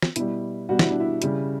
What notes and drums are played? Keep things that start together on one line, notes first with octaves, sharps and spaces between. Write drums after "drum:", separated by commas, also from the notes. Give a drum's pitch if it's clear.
drum: snare
B2 G3 E4, drum: hi-hat
B2 G3 F#4
E4, drum: snare
D4
E4
C#3 G3, drum: hi-hat